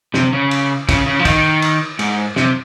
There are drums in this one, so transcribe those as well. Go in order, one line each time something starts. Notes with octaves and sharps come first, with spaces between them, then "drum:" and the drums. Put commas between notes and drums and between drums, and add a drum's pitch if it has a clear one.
C3, drum: snare
C#3
drum: cymbal
C#3, drum: kick, cymbal
C#3
F3
D#3, drum: kick, cymbal
drum: cymbal
G#2, drum: cymbal
C3, drum: snare